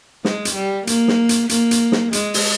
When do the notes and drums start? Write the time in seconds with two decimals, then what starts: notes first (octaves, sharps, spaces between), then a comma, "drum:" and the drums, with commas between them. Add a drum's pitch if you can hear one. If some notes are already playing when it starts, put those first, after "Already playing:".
0.25 G#3, drum: snare
0.45 drum: hi-hat
0.55 G3
0.87 A#3, drum: hi-hat
1.08 drum: snare
1.29 drum: hi-hat
1.49 A#3, drum: hi-hat
1.71 drum: hi-hat
1.92 drum: snare
2.13 G#3, drum: hi-hat
2.34 drum: open hi-hat